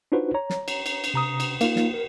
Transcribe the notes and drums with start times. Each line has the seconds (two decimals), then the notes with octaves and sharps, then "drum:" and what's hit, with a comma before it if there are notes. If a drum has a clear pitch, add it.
0.12 D4 D#4 F4 F#4 B4 C5
0.34 C#5 A#5
0.50 drum: snare
0.68 drum: cymbal
0.86 drum: cymbal
1.04 drum: cymbal
1.14 C3 A#5 D#6
1.40 drum: cymbal
1.61 A#3 D#4 F4, drum: cymbal
1.76 drum: snare
1.94 A#4